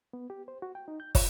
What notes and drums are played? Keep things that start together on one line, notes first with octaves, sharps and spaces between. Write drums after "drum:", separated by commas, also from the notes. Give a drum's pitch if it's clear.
B3
G4
C5
F#4
G5
D#4
G6
F4, drum: kick, open hi-hat